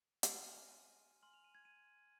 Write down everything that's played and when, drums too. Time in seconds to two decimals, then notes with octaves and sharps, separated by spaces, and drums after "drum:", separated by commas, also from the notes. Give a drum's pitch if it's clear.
0.23 drum: hi-hat
0.36 G#5 C6 F6 D#7
1.23 G#5 C6 F6 F#7
1.34 F7
1.44 D#7
1.55 G#6
1.65 D#7